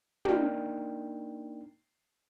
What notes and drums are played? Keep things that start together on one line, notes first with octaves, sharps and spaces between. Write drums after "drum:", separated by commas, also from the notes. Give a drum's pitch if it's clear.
A#3 D4 D#4 A#4 G5, drum: tom